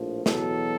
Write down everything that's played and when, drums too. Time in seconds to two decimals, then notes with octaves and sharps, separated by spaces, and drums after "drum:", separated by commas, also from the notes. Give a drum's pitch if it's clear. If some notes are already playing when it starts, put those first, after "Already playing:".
Already playing: A#1 A2 F3
0.26 E2 B2 F#3 A4, drum: snare